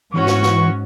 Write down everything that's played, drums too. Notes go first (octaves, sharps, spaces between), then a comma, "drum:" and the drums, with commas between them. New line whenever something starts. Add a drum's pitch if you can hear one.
G#2 E3 C#4 F#4 C#6
drum: snare
drum: snare